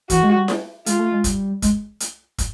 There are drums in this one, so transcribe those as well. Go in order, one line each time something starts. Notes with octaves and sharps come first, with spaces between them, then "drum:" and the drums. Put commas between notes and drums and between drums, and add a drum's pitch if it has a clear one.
E3 F#4, drum: kick, hi-hat
G#3
G3
drum: snare E4
G#3 F4, drum: hi-hat
A3
G#3
G3, drum: kick, hi-hat
G#3, drum: kick, hi-hat
drum: hi-hat
drum: kick, hi-hat